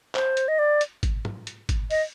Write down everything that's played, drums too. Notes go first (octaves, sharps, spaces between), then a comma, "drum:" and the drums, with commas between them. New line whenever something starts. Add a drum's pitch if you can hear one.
C5, drum: clap
drum: hi-hat
D#5
D5
drum: hi-hat
drum: kick G#1, hi-hat
drum: tom
drum: hi-hat
drum: kick G#1, hi-hat
D#5, drum: open hi-hat